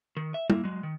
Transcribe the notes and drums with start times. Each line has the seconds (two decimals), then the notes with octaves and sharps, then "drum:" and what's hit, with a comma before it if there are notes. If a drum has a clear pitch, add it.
0.17 D#3
0.34 E5
0.50 A#3 E4, drum: tom
0.64 F#3 G#3
0.83 D#3